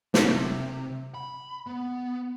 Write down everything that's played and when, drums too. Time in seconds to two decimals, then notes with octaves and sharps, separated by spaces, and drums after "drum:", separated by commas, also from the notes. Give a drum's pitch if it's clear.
0.14 C3, drum: snare
1.14 B5
1.67 B3